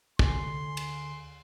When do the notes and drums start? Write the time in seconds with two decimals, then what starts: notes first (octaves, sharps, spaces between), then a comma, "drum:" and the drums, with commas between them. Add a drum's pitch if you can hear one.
0.19 D2 D3 G#5 C6, drum: kick
0.77 drum: cymbal